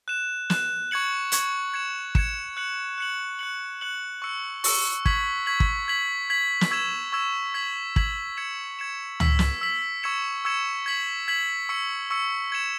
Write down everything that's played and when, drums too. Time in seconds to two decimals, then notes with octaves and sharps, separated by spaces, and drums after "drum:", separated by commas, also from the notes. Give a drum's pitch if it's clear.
0.08 F#6 E7
0.50 F#6 E7, drum: snare
0.91 C#6 G#6 C#7 F#7
1.32 C#6 G#6 C#7 F#7, drum: hi-hat
1.74 G#6 C#7 E7
2.15 G#6 C#7 E7, drum: kick
2.57 F#6 C#7 F#7
2.98 F#6 C#7 F#7
3.39 F#6 C#7 F#7
3.81 F#6 C#7 F#7
4.22 C#6 E6 C#7
4.64 C#6 E6 C#7, drum: open hi-hat
5.06 C#6 G#6 B6 F#7, drum: kick
5.46 C#6 G#6 B6 F#7
5.60 drum: kick
5.88 G#6 B6 F#7
6.30 G#6 B6 F#7
6.61 drum: snare
6.71 C#6 E6 G#6 E7
7.12 C#6 E6 G#6 E7
7.54 G#6 B6 F#7
7.96 G#6 B6 F#7, drum: kick
8.37 G#6 C#7 E7
8.79 G#6 C#7 E7
9.20 E6 B6 F#7, drum: tom C#2
9.39 drum: snare
9.61 E6 B6 F#7
10.03 C#6 E6 G#6 C#7 E7
10.45 C#6 E6 G#6 C#7 E7
10.86 G#6 B6 F#7
11.28 G#6 B6 F#7
11.69 C#6 E6 C#7
12.10 C#6 E6 C#7
12.52 G#6 C#7 E7